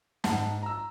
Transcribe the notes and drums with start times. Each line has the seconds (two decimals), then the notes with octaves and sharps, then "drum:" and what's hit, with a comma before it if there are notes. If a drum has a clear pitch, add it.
0.24 G#2 F#5 A5, drum: snare
0.63 A#5 E6